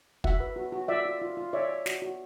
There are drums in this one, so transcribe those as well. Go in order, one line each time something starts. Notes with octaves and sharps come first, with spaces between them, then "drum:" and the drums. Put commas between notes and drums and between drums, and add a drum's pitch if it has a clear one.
F#4 E5 F#5, drum: kick
B4
F#4
F#4
F4 D5 E5
F4
F4
F4
C#5 D5 E5
C#5
F#4, drum: snare
F#4